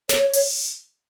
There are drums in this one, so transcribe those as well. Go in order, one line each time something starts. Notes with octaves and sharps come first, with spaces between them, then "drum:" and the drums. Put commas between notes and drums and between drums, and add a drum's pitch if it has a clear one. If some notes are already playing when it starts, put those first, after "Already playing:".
C#5, drum: snare
C#5
drum: open hi-hat